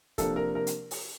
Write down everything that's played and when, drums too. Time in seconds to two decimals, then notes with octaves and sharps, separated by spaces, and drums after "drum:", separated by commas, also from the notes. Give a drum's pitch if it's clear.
0.18 C3 F3 A#3 D4 A4, drum: kick, hi-hat
0.36 A#4
0.55 A#4
0.67 drum: hi-hat
0.91 drum: open hi-hat